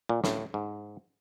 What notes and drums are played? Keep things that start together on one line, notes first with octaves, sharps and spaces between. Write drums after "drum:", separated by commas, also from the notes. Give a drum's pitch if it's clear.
A#2
A2, drum: snare
G#2